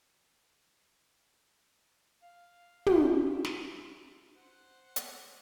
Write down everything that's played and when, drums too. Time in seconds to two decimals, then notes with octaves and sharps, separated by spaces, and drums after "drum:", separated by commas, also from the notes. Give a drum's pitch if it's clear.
2.22 F5
2.86 drum: tom
3.00 B3 E5
3.45 drum: snare
4.35 C5 F#5
4.96 drum: hi-hat